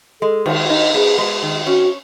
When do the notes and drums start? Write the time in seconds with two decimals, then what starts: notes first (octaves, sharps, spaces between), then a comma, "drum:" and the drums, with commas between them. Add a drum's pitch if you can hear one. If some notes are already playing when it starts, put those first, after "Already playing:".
0.22 G#3 A4
0.46 D#3, drum: cymbal
0.70 D#4
0.94 B3 G#4
1.18 G#3
1.42 D#3
1.67 C#4 F#4